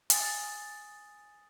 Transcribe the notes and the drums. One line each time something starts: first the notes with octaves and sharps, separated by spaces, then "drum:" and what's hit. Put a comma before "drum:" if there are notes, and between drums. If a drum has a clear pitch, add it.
G#5 D#6 A6, drum: hi-hat